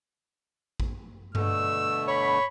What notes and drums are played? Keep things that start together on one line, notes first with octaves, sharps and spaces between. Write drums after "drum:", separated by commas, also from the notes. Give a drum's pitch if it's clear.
drum: kick A1
B2 D3 A3 E6, drum: tom G2
C#5 B5